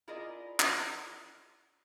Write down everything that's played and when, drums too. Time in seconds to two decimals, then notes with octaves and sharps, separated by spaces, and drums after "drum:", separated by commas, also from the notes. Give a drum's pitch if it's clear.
0.08 E4 F4 G#4 A#4 D5 D#5
0.60 drum: clap